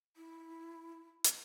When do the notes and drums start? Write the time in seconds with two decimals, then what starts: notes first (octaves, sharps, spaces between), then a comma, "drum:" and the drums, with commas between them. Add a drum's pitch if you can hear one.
0.17 E4
1.24 drum: hi-hat